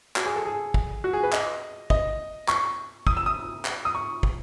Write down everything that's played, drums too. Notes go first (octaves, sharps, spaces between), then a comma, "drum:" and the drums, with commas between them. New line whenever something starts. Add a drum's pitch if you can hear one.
F#4, drum: clap
G#4
A4
G#4
drum: kick
F#4
G#4
B4
D#5, drum: clap
D#5, drum: kick
C#6, drum: clap
D#6, drum: kick
E6
D#6
drum: clap
D#6
C#6
drum: kick